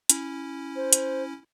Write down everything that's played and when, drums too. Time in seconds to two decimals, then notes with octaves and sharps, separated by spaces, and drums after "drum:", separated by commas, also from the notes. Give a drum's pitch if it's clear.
0.10 C#4 E4, drum: hi-hat
0.76 C5
0.93 drum: hi-hat